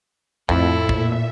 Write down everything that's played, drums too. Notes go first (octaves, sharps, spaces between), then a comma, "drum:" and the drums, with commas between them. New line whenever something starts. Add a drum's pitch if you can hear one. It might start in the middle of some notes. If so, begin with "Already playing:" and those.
F2 A2 E4 A4, drum: kick
A#2 E5, drum: kick